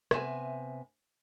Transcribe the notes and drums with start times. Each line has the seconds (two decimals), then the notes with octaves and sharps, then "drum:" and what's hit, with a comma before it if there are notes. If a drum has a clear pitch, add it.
0.11 C3 B3 E5 G#5, drum: rim click